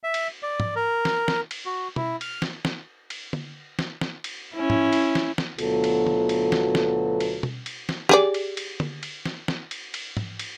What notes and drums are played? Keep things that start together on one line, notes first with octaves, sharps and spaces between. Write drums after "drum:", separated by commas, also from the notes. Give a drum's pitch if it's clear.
E5
drum: cymbal
D5
drum: tom
A#4
drum: snare
drum: snare
drum: cymbal
F#4
E4, drum: tom B2
F6, drum: cymbal
drum: snare
drum: snare
drum: cymbal
drum: tom
drum: snare
drum: snare
drum: cymbal
C#4 E4
drum: tom
drum: cymbal
drum: snare
drum: snare
D2 B2 F#3 B3 F4 A4, drum: cymbal
drum: cymbal
drum: tom D3
drum: cymbal
drum: snare
drum: snare
drum: cymbal
drum: tom B2
drum: cymbal
drum: snare
G4 G#4 D5, drum: snare
drum: cymbal
drum: cymbal
drum: tom
drum: cymbal
drum: snare
drum: snare
drum: cymbal
drum: cymbal
drum: tom
drum: cymbal